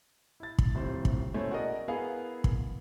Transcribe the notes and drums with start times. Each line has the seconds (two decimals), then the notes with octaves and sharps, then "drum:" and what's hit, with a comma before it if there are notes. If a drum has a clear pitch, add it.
0.40 E4 A6
0.58 drum: kick
0.75 D#1 A2 C3 C5
1.05 drum: kick
1.34 B2 A3 C#4 E4 C5
1.51 F#4 G#4 A#4 D5 D#5 F#5
1.88 B3 E4 G#4 A#4 B4 F5
2.44 drum: kick